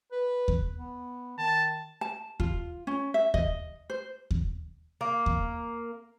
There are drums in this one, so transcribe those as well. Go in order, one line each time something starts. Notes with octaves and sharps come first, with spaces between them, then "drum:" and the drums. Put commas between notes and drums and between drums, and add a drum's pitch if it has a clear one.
B4
drum: kick D#2
B3
D#3 A5
A5
F4, drum: kick D#2
C#4
E5
D#5, drum: kick D#2
C5
drum: kick D#2
A#3
drum: kick D#2